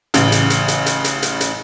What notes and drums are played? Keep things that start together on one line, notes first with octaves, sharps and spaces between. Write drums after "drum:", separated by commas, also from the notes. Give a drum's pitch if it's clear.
A1 C#3, drum: hi-hat
drum: hi-hat
drum: hi-hat
drum: hi-hat
drum: hi-hat
drum: hi-hat
drum: hi-hat
drum: hi-hat